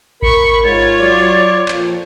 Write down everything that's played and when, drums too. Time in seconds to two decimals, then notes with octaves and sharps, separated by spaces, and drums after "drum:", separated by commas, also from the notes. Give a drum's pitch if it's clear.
0.22 A#4 B5 C#6 C#7, drum: kick A1
0.64 G#2 F4 C#5 A6
1.00 F#3 D5
1.68 F2 A#2 F3, drum: clap